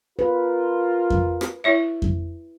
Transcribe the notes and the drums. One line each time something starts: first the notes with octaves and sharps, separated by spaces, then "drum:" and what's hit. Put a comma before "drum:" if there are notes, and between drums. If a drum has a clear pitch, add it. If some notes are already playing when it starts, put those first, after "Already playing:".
F4 A#4 B4
drum: kick F2
drum: rim click
E4 C#5 E5
drum: kick F2